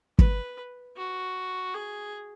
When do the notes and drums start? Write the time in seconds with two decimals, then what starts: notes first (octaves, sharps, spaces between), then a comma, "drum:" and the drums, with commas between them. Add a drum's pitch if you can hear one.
0.19 B4, drum: kick
0.97 F#4
1.74 G#4